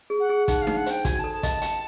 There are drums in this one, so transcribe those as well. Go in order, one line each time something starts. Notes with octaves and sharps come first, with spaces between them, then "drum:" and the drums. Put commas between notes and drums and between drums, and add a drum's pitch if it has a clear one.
G#4
F#5
G#4
D#4 F#5, drum: kick, hi-hat
F5
D#4, drum: snare D4
F#5
C5 G5, drum: hi-hat
F#4 G#5, drum: kick, hi-hat
A4 A5
A5
D#5 A5, drum: kick, hi-hat
G5, drum: hi-hat